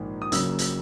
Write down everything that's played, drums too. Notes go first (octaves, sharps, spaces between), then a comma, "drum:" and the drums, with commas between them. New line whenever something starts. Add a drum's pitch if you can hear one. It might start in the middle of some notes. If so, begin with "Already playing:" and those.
Already playing: A#1 G#2 D#3 A#3
D#6
F#1 F#2 C#3 F#3 A#3 E6, drum: hi-hat
drum: hi-hat